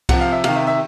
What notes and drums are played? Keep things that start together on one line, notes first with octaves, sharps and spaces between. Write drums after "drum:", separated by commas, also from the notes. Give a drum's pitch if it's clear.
C3 F3 F#5, drum: kick C2, cymbal
F5
E5
C3 D#3 F5, drum: cymbal
E5
E5